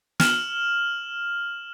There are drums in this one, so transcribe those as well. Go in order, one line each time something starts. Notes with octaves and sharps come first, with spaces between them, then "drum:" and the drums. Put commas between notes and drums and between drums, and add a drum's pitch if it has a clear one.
F6 E7 F#7, drum: snare